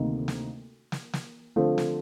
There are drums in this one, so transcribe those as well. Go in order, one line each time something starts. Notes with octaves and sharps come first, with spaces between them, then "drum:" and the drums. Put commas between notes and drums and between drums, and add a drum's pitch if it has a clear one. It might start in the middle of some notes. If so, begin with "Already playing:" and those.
Already playing: D2 C3 D#3 A#3 D#4
drum: snare
drum: snare
drum: snare
D3 F3 A3 C4
drum: snare